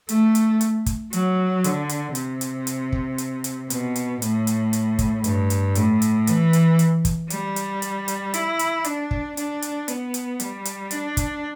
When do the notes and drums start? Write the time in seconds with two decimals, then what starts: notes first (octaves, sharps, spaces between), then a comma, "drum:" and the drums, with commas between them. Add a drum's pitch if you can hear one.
0.09 A3, drum: hi-hat
0.35 drum: hi-hat
0.61 drum: hi-hat
0.86 drum: kick, hi-hat
1.13 F#3, drum: hi-hat
1.64 D3, drum: hi-hat
1.89 drum: hi-hat
2.15 C3, drum: hi-hat
2.41 drum: hi-hat
2.67 drum: hi-hat
2.92 drum: kick
3.18 drum: hi-hat
3.44 drum: hi-hat
3.70 B2, drum: hi-hat
3.96 drum: hi-hat
4.22 A2, drum: hi-hat
4.47 drum: hi-hat
4.73 drum: hi-hat
4.99 drum: kick, hi-hat
5.24 G2, drum: hi-hat
5.50 drum: hi-hat
5.75 A2, drum: hi-hat
6.02 drum: hi-hat
6.27 E3, drum: hi-hat
6.53 drum: hi-hat
6.79 drum: hi-hat
7.05 drum: kick, hi-hat
7.30 G3, drum: hi-hat
7.56 drum: hi-hat
7.82 drum: hi-hat
8.08 drum: hi-hat
8.34 E4, drum: hi-hat
8.59 drum: hi-hat
8.84 D4, drum: hi-hat
9.11 drum: kick
9.37 D4, drum: hi-hat
9.62 drum: hi-hat
9.88 B3, drum: hi-hat
10.14 drum: hi-hat
10.40 G3, drum: hi-hat
10.65 drum: hi-hat
10.91 D4, drum: hi-hat
11.17 drum: kick, hi-hat